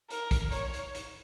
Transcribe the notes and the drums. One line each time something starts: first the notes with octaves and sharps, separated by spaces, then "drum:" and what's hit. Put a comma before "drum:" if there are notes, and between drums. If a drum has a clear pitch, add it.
A#4, drum: hi-hat
drum: kick, hi-hat
C#5, drum: hi-hat
drum: hi-hat
drum: hi-hat